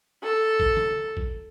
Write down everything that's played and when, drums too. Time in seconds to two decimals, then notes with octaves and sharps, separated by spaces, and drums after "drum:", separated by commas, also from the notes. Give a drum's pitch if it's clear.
0.23 A4
0.60 drum: kick
0.77 drum: tom D3
1.17 drum: kick